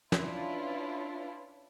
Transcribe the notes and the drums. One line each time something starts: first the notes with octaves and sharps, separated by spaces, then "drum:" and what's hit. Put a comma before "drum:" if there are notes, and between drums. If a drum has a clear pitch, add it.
C#4 D4 E4 F4 B4, drum: snare